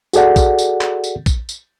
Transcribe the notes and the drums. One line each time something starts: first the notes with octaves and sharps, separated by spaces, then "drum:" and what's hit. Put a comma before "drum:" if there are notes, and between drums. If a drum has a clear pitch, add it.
F#4 G#4 A4 D5 F#5, drum: tambourine
drum: kick A#1, tambourine
drum: tambourine
drum: clap
drum: tambourine
drum: kick A#1, tambourine
drum: tambourine